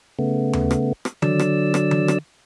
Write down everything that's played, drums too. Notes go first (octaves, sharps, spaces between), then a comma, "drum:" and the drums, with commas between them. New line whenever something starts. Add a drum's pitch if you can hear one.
C#3 A3 B3
drum: tom D#2
drum: rim click
drum: rim click
D3 F#3 D5 E6, drum: tom D#3
drum: rim click
drum: rim click
drum: tom D#3
drum: rim click